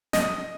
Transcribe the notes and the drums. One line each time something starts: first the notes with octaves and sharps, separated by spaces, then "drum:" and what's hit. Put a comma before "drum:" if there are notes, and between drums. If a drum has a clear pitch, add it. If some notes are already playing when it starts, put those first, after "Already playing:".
D#5, drum: snare